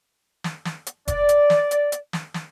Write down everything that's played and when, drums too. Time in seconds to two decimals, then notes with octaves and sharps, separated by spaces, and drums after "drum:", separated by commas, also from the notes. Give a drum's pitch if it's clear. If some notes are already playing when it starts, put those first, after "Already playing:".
0.44 drum: snare
0.65 drum: snare
0.86 drum: hi-hat
1.08 D5, drum: kick F1, hi-hat
1.29 drum: hi-hat
1.50 drum: snare
1.71 drum: hi-hat
1.92 drum: hi-hat
2.13 drum: snare
2.34 drum: snare